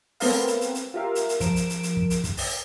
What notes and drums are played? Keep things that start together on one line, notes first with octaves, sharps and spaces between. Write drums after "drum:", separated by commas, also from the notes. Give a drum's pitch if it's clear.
A3 B3 C4 A#4 B4 F5, drum: open hi-hat
drum: hi-hat
drum: hi-hat
drum: hi-hat
F4 G4 A#4 E5 F5
drum: hi-hat
drum: hi-hat
F3 A#4 D7 E7, drum: kick, hi-hat
drum: hi-hat
drum: hi-hat
drum: hi-hat
drum: kick
drum: hi-hat
drum: kick, hi-hat
drum: open hi-hat